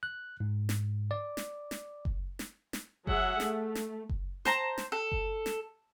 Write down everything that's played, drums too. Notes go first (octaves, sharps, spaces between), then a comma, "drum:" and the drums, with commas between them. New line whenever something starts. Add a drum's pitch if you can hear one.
F#6
G#2
drum: snare
D5
drum: snare
drum: snare
drum: kick F#1
drum: snare
drum: snare
F#3 G#4 E5 F#5, drum: kick F#1
A3, drum: snare
drum: snare
drum: kick F#1
C5 A5 A#5, drum: snare
drum: snare
A4
drum: kick F#1
drum: snare